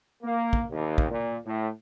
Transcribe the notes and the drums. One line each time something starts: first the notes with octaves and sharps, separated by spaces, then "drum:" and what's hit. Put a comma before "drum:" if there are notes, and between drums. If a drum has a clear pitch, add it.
A#3
drum: kick
D#2
drum: kick
A#2
A2